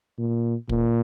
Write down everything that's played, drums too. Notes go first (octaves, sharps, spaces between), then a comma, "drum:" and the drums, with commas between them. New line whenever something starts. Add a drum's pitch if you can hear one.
A#2
A#2, drum: kick